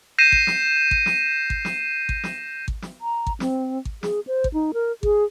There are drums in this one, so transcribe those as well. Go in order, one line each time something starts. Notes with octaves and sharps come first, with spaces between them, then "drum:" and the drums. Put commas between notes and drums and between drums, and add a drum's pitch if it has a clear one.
G6 A#6 C7 D#7 E7
drum: kick G#1
drum: snare
drum: kick G#1
drum: snare
drum: kick G#1
drum: snare
drum: kick G#1
drum: snare
drum: kick G#1
drum: snare
A#5
drum: kick G#1
C4, drum: snare
drum: kick G#1
G#4, drum: snare
C5
drum: kick G#1
D#4
A#4
G#4, drum: kick G#1